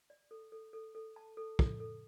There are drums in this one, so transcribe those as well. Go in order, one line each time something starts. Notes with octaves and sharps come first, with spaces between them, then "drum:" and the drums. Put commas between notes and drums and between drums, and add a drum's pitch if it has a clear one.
D5
A4
A4
A4
A4
A5
A4
A4, drum: kick
A4